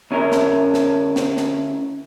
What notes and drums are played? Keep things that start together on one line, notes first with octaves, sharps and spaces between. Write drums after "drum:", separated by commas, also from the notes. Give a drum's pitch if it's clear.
D2 C#4 E4 A#4
drum: snare
drum: snare
drum: snare
drum: snare